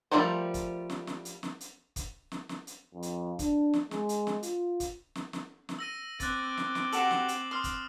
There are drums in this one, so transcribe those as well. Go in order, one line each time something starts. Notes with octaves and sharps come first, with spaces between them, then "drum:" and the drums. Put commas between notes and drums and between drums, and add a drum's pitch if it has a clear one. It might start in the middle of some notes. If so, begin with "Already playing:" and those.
F3 G3 A3 A#4 C5
drum: kick, hi-hat
drum: snare
drum: snare
drum: hi-hat
drum: snare
drum: hi-hat
drum: kick, hi-hat
drum: snare
drum: snare
drum: hi-hat
F2
drum: hi-hat
D4, drum: kick, hi-hat
drum: snare
G#3, drum: snare
drum: hi-hat
drum: snare
F4, drum: hi-hat
drum: kick, hi-hat
drum: snare
drum: snare
drum: snare
E6 A#6 D#7
C4 D6 F#6 A6, drum: kick, hi-hat
drum: snare
drum: snare
F#4 G4 A4 C7 E7 F#7, drum: hi-hat
drum: snare
drum: hi-hat
C6 D#6 F6
drum: kick, hi-hat